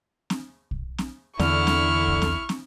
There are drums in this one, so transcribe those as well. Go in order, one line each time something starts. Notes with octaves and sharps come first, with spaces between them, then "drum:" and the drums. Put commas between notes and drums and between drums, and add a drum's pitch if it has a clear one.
drum: snare
drum: kick
drum: snare
E2 D3 E4 C#6 F6, drum: snare
drum: snare
drum: kick
drum: snare
drum: snare